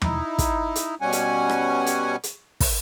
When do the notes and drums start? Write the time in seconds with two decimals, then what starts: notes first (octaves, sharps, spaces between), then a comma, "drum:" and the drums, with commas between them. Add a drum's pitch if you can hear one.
0.02 D#4 E4, drum: tom
0.39 drum: kick, hi-hat
0.75 drum: hi-hat
1.01 B2 G3 C#4 F#5 G#5
1.12 drum: hi-hat
1.49 drum: rim click
1.86 drum: hi-hat
2.23 drum: hi-hat
2.60 drum: kick, open hi-hat